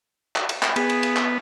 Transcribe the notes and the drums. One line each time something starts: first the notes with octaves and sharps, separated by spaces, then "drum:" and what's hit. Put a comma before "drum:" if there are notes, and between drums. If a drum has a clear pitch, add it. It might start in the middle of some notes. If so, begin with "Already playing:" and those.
drum: clap
drum: cymbal
drum: clap
B3 G#4, drum: cymbal
drum: cymbal
drum: cymbal
drum: clap